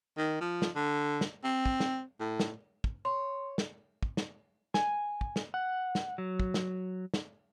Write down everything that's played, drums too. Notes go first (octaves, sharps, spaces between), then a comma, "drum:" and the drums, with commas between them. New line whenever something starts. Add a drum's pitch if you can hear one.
D#3
F3
drum: snare
D3
drum: snare
C4
drum: kick
drum: snare
A2
drum: snare
drum: kick
C#5 C6
drum: snare
drum: kick
drum: snare
G#5, drum: snare
drum: kick
drum: snare
F#5
drum: snare
F#3
drum: kick
drum: snare
drum: snare